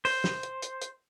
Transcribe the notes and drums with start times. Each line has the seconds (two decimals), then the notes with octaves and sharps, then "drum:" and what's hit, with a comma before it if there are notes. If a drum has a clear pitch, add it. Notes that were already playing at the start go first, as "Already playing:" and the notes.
0.05 C5, drum: open hi-hat
0.24 drum: snare
0.43 drum: hi-hat
0.62 drum: hi-hat
0.81 drum: hi-hat